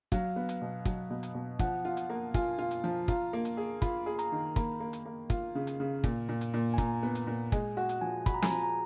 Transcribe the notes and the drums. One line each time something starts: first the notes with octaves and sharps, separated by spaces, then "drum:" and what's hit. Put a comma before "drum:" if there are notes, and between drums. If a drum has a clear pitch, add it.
F#3 F5, drum: kick, hi-hat
B3
drum: hi-hat
B2
F#3, drum: kick, hi-hat
B2
drum: hi-hat
B2
F3 F#5, drum: kick, hi-hat
F4
drum: hi-hat
A#3
F4 G#5, drum: kick, hi-hat
F4
drum: hi-hat
F3
F4 A#5, drum: kick, hi-hat
A#3
drum: hi-hat
G#4
F4 B5, drum: kick, hi-hat
G#4
A#5, drum: hi-hat
D#3
A#5
A#3 B5, drum: kick, hi-hat
A#3
drum: hi-hat
A#3
F4, drum: kick, hi-hat
C#3
drum: hi-hat
C#3
A#2, drum: kick, hi-hat
A#2
drum: hi-hat
A#2
G#5
A#2 A#5, drum: kick, hi-hat
B3
drum: hi-hat
A#2
G#3 G#5, drum: kick, hi-hat
F#4 F#5
drum: hi-hat
F3 G#5
F#4 B5, drum: kick, hi-hat
A#5
G#5, drum: snare
F3 A#5
A#5